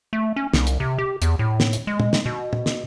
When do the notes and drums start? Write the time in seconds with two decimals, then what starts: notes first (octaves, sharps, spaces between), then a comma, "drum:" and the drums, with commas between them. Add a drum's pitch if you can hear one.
0.13 A3
0.36 C#4
0.53 C2, drum: snare
0.67 drum: hi-hat
0.80 C3
0.98 G4
1.22 E2, drum: hi-hat
1.39 A2
1.60 drum: snare
1.73 drum: hi-hat
1.87 G#3
2.00 drum: tom
2.13 drum: snare
2.26 B2
2.53 drum: tom
2.66 drum: snare